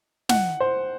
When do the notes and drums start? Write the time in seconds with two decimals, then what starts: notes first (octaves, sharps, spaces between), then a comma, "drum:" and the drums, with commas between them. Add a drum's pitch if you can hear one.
0.29 F#5, drum: snare
0.60 C5